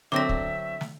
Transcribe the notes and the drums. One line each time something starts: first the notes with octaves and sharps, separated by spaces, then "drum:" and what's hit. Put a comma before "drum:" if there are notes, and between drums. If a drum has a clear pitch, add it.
D3 F#3 C4 D4 E5 D6 A#6
drum: kick
drum: snare